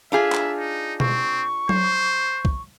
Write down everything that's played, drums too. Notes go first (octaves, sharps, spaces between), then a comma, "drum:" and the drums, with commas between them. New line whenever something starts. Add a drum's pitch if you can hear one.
D4 F4 G#4 E5
drum: clap
D#4
C4 C#6, drum: tom B2
C5, drum: tom F#3
drum: kick B1